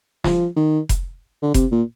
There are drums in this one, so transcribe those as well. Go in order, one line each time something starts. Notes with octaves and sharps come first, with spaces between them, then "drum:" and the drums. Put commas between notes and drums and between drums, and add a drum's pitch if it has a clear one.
F3, drum: snare
D#3
drum: kick F1, hi-hat
D3
C3, drum: kick F1, hi-hat
A#2